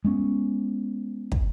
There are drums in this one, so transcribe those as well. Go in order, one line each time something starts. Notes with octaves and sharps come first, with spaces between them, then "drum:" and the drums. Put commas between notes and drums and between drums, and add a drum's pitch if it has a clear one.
G#3 B3 C#4
drum: kick